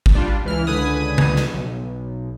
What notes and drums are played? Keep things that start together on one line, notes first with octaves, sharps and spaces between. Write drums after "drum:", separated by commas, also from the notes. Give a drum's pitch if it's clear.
drum: kick
G3 D4 F4
C#2 E3 F6
C#2 D3 B4 G#5 D#6
drum: tom
drum: snare
B1